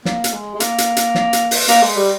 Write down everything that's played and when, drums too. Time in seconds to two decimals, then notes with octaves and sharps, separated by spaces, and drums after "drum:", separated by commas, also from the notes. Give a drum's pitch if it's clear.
0.05 A#3, drum: snare
0.24 drum: hi-hat
0.33 G#3
0.55 G#3
0.60 A#3, drum: hi-hat
0.78 drum: hi-hat
0.97 drum: hi-hat
1.15 drum: snare
1.33 drum: hi-hat
1.51 drum: open hi-hat
1.69 A#3, drum: hi-hat
1.83 G#3
1.97 G3